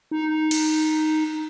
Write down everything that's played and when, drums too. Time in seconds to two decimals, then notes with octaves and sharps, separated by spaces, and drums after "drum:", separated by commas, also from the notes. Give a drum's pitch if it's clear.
0.11 D#4
0.51 drum: cymbal